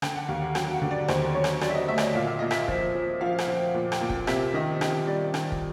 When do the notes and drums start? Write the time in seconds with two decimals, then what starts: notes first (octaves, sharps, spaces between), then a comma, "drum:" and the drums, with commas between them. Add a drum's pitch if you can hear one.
0.02 D3 G5, drum: rim click
0.15 F#5
0.29 D#2 F5
0.42 F#5
0.55 F#3 G5, drum: rim click
0.73 F#5
0.82 D3
0.91 D5
1.08 D#2 C5, drum: rim click
1.35 F#3 C#5
1.44 drum: rim click
1.61 F#3 D5, drum: rim click
1.70 E5
1.75 D#5
1.88 A3 E5
1.98 D5, drum: rim click
2.02 D#5
2.15 A#2 F5
2.27 E5
2.39 A#2 D#5
2.51 E5, drum: rim click
2.68 F3, drum: kick
2.95 F3
3.21 F3 F5
3.39 F#5, drum: rim click
3.48 F3
3.57 G5
3.74 A#2
3.92 G5, drum: rim click
4.01 A#2
4.10 G5, drum: kick
4.27 C3 E5, drum: rim click
4.54 D#3 D#5
4.81 D#3 D#5, drum: rim click
5.07 G3 D5
5.34 D#3, drum: rim click
5.52 drum: kick